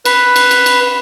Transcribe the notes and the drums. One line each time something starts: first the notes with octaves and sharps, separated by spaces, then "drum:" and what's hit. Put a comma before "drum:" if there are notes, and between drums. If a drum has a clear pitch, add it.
B4, drum: cymbal
drum: cymbal
drum: cymbal
drum: cymbal